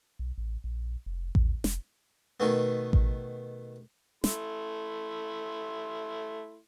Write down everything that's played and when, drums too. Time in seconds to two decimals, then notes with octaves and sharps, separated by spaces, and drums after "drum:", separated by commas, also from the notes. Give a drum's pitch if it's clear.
0.19 B1
0.38 A1
0.64 A#1
1.06 F1
1.35 D#2, drum: kick A1
1.64 F1, drum: snare
2.40 B2 D#3 A3 B3
2.93 drum: kick A1
4.24 A3 E4 C6, drum: snare